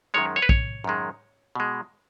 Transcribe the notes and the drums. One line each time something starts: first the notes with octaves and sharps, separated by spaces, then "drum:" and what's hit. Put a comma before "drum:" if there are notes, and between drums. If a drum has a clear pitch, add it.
F#2 D#3 G#3 C#5
C#5
B4
C#5, drum: kick
F#2 D#3 G#3
B2 G#3